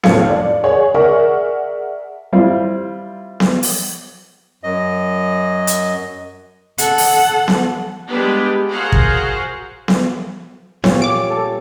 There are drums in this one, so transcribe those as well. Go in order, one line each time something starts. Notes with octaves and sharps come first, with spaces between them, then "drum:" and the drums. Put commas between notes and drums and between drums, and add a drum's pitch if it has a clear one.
F1 A2 F3 F5 G#6 C#7, drum: snare B3
D5
G#4 C#5 F#5
G#4 A#4 D5 E5 F#5 C#6
G3 C4 E4 F4
drum: snare B3
drum: open hi-hat
F#2 D#5
drum: hi-hat
A4 F#5, drum: hi-hat
drum: open hi-hat
drum: snare B3
G3 G#3 B3 D4 G4 B4
F#4 G#4 A#4 C5 F5 F#5
drum: kick
drum: snare B3
A#2 G3 C#4 F4 C#5, drum: snare B3
D6 D7
A4